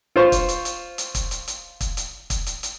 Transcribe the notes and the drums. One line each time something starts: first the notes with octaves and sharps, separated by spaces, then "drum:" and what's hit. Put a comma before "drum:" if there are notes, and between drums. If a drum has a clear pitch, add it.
F4 C5 C#6
drum: kick, hi-hat
drum: hi-hat
drum: hi-hat
drum: hi-hat
drum: kick, hi-hat
drum: hi-hat
drum: hi-hat
drum: kick, hi-hat
drum: hi-hat
drum: kick, hi-hat
drum: hi-hat
drum: hi-hat